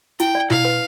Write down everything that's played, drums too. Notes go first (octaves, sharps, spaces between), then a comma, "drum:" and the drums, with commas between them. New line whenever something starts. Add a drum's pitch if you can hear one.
E4 G5, drum: hi-hat
D5
E4 F5, drum: tom B2
B4